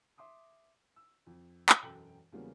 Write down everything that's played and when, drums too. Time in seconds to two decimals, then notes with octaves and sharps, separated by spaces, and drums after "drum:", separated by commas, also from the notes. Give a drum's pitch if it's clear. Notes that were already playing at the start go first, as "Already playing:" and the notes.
0.18 E5 C6 D6 D#6
0.96 E6
1.27 F2
1.69 drum: clap
1.82 E1 F#2 A4 G5 F#7
2.32 E2 C#3 F#3 G3 A#3 B3